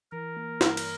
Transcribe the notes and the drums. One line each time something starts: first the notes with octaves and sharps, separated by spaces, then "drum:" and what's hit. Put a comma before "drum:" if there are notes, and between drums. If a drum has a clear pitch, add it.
E3 A#4
A#3
G2, drum: snare
drum: cymbal